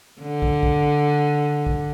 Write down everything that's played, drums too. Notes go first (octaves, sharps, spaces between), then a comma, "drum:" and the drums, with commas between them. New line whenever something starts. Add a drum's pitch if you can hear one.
D3
drum: kick
drum: kick
drum: kick